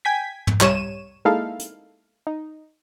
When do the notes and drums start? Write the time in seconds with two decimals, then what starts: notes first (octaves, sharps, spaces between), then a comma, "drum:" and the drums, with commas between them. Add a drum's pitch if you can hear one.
0.05 G5 G#5 G#6 B6
0.47 drum: tom
0.61 C2 G3 C#5 D#7 E7, drum: clap
1.25 G#3 A#3 D#4 E4 A4 F5
1.59 drum: hi-hat
2.27 D#4